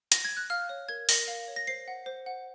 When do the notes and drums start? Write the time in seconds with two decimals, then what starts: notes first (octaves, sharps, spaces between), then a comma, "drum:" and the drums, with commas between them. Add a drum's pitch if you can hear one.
0.12 A#6, drum: hi-hat
0.25 G#6
0.37 F#6
0.50 F5 F6
0.69 C#5
0.89 A#4 G#6
1.09 A#4 A#6, drum: open hi-hat
1.28 F5
1.48 C#5
1.56 A#6
1.67 C5 C7
1.88 F#5
2.06 C5
2.26 F#5